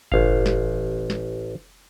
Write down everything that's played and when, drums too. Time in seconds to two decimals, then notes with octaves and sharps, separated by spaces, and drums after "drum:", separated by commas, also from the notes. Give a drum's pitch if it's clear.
0.12 A1 F5, drum: kick F#1
0.46 drum: snare
1.10 drum: snare